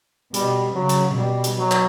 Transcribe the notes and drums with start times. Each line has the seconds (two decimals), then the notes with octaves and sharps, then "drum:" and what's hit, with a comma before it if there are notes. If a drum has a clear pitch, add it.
0.34 B2 G3, drum: hi-hat
0.75 C#3 F#3
0.89 drum: hi-hat
1.16 B2 G3
1.44 drum: hi-hat
1.58 F#3
1.71 drum: clap